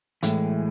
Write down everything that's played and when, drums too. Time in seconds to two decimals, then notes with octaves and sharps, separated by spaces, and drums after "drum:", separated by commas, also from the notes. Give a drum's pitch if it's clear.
0.23 A2 E3 G#3, drum: hi-hat